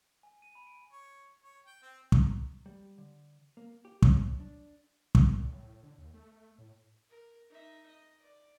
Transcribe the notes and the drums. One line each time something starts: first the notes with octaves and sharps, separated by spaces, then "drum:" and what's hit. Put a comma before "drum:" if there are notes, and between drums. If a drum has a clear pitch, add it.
G#5
D#7
B5
D7
C#5
C#5
G5
C4
drum: kick
A#5
G3
D3
A#3
G4
F#2, drum: kick
D4
drum: kick
A#2
A2
D3
D#2
A3
A2
A#4
D#4 E5
D#5
D5